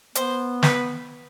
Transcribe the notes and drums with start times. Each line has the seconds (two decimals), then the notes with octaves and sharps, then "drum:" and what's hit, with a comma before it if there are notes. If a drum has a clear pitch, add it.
0.15 B3 C5, drum: hi-hat
0.63 B4, drum: snare